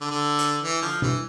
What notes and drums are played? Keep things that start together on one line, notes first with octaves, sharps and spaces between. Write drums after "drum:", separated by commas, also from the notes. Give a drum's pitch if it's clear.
D3
D3
drum: hi-hat
E3
D3 F3
E3, drum: tom B2